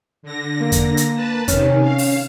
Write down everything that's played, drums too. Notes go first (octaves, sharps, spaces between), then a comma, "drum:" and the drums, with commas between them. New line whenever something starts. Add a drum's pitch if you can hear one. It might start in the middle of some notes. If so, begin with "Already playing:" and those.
D3 A#6
A#3
drum: kick E2, hi-hat
drum: hi-hat
B4 A5
C3 D#3 C#4, drum: kick E2, hi-hat
F5
drum: open hi-hat